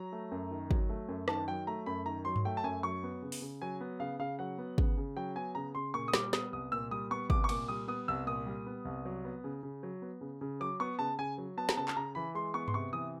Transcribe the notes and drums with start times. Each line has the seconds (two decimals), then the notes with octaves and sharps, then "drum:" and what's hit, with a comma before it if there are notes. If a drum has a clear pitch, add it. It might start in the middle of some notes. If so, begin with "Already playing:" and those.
Already playing: F#3 A#5
0.12 A3
0.32 F#2
0.50 D#3
0.71 F#3, drum: kick
0.89 A3
1.09 F#2
1.28 D#3 A5, drum: rim click
1.48 F#3 G5
1.67 A3 A#5
1.86 F#2 B5
2.06 D#3 A#5
2.25 F#3 C6
2.36 drum: tom G2
2.45 A3 G5
2.57 A5
2.64 F#2 G#5
2.83 F#3 C#6
3.03 B3
3.22 C#3
3.32 drum: open hi-hat
3.42 C#3
3.61 F#3 G#5
3.81 B3
4.00 C#3 F5
4.19 C#3 F5
4.39 F#3 F#5
4.58 B3
4.78 C#3, drum: kick
4.97 C#3
5.17 F#3 G5
5.36 B3 G#5
5.55 C#3 A#5
5.75 C#3 C6
5.94 A#2 C#6
6.08 D#6
6.14 G3 D6, drum: snare
6.33 B3 D#6, drum: snare
6.53 C2 D#6
6.72 A#2 E6
6.91 G3 D#6
7.10 B3 C#6
7.30 C2 D6, drum: kick
7.44 C#6
7.49 A#2 D6, drum: cymbal
7.68 G3 D#6
7.88 B3 D#6
8.08 C2 E6
8.27 A#2 D#6
8.46 G3
8.66 B3
8.85 C2
9.05 F#3
9.25 B3
9.44 C#3
9.63 C#3
9.83 F#3
10.02 B3
10.21 C#3
10.41 C#3
10.60 F#3 D6
10.80 B3 C#6
10.99 C#3 A5
11.19 C#3 G#5
11.38 F#3
11.57 B3 A5
11.69 A#5, drum: snare
11.77 C#3 A5
11.88 A5, drum: clap
11.97 C#3 A#5
12.15 E3 B5
12.35 G#3 C6
12.54 B3 C#6
12.68 C6, drum: tom G2
12.74 C3 C#6
12.93 E3 D#6